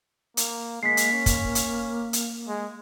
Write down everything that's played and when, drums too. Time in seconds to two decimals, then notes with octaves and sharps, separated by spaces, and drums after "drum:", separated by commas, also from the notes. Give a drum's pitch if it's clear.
0.37 A#3, drum: hi-hat
0.83 G#3 A#3 B6 C7
0.97 drum: hi-hat
1.13 C#4
1.26 drum: kick, hi-hat
1.55 drum: hi-hat
2.13 drum: hi-hat
2.48 G#3